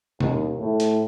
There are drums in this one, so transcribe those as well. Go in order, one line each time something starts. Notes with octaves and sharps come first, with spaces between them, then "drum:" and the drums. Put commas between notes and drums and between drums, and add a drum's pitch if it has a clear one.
D#2, drum: tom B2
A2
drum: hi-hat